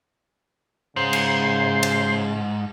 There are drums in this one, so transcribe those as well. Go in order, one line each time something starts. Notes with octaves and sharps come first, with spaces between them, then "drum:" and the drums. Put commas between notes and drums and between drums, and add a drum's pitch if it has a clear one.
G#2 C#3 C5
drum: cymbal
drum: cymbal